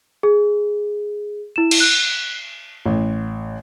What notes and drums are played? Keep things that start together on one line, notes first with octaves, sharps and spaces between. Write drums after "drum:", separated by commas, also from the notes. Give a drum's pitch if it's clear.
G#4
E4 E7
drum: cymbal
F#6
A1